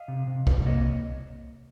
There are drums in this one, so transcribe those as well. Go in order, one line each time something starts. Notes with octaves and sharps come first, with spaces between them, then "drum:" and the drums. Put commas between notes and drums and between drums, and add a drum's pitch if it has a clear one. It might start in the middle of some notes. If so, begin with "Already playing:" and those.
Already playing: D#5 F5
C3
C3
C3, drum: kick
A#3 C#5 D#5